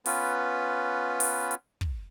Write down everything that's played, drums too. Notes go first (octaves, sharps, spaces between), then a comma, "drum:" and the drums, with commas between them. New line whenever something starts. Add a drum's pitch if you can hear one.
B3 C#4 F4 B4, drum: open hi-hat
drum: open hi-hat
drum: hi-hat
drum: kick